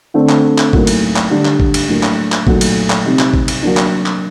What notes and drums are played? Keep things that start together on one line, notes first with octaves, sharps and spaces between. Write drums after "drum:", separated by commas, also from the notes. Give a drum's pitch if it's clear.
D3 A3 C4
drum: clap
drum: clap
A2 F#3 A#3 D#4, drum: kick G#1
drum: cymbal
drum: clap
D3 G3 D4
drum: clap
drum: kick G#1
drum: cymbal
A2 F#3 A#3 D4
drum: clap
drum: clap
A#2 F#3 A3 D#4, drum: kick G#1
drum: cymbal
drum: clap
C3 G3 C4 D#4
drum: clap
drum: kick G#1
drum: cymbal
F#3 A#3 D4
drum: clap
drum: clap